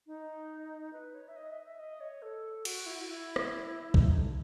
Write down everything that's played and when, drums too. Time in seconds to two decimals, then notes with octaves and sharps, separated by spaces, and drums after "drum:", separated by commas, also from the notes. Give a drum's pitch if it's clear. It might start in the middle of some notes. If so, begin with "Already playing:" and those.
0.07 D#4
0.93 B4
1.14 C#5
1.28 E5
1.36 D#5
1.50 E5
1.65 E5
1.79 D#5
2.00 C#5
2.22 A4
2.65 F#4, drum: cymbal
2.86 E4
3.01 F#4
3.08 E4
3.36 drum: rim click
3.94 D#4, drum: kick
4.15 A3